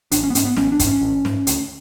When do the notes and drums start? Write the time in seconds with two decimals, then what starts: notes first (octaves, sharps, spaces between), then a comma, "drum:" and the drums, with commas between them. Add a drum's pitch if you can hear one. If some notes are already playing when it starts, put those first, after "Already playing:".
0.12 A1 D4, drum: hi-hat
0.23 C#4
0.30 B3
0.35 G#2 C#4, drum: hi-hat
0.45 B3
0.56 A1 C#4, drum: snare
0.72 D4
0.80 G#2, drum: kick, hi-hat
0.87 C#4
1.02 A1
1.25 G#2, drum: snare
1.47 D2, drum: hi-hat